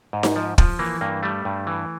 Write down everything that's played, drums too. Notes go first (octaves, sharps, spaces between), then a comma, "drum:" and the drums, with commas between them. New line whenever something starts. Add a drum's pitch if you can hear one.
G#2
drum: snare D#4
F3
F3, drum: kick
E3 A#3
G2 A#3
G3 A3
G2
E3